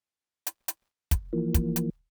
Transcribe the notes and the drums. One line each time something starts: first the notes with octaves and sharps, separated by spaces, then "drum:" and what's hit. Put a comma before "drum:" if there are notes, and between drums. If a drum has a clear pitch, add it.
drum: hi-hat
drum: hi-hat
drum: kick, hi-hat
E3 F3 A#3
drum: kick, hi-hat
drum: hi-hat